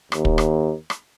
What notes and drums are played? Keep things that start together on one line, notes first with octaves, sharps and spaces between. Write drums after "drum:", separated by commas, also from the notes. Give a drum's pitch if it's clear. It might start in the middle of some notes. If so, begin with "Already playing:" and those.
D#2, drum: rim click
drum: kick
drum: rim click
drum: rim click